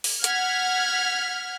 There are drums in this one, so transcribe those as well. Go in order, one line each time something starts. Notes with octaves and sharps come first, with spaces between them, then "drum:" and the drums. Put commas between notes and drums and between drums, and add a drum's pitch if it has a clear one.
drum: open hi-hat
F#5 F6 G#6 B6, drum: hi-hat